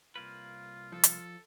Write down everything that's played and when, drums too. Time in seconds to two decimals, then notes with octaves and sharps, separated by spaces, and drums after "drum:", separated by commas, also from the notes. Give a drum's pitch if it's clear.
0.16 C2 A#3 F4 B4
0.92 F3 A4
1.04 drum: hi-hat